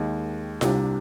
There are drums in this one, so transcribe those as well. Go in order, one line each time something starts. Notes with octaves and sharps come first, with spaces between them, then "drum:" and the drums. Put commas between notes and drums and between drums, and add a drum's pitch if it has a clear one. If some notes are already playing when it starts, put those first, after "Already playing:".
Already playing: D#2 D#3 G#3
C2 C3 G3 D4, drum: snare F4